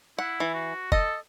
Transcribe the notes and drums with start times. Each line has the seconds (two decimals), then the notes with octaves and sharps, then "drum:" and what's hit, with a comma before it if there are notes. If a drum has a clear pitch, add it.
0.19 E4 F#5
0.40 E3
0.54 F#4
0.92 A4 D#5, drum: kick